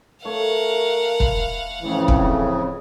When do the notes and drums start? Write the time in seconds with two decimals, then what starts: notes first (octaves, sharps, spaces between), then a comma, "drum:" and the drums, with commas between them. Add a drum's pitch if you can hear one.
0.25 A3 A#4 C#5 F5 F#5
1.20 B5, drum: kick
1.81 F2 A2 C#3 E3
2.08 drum: kick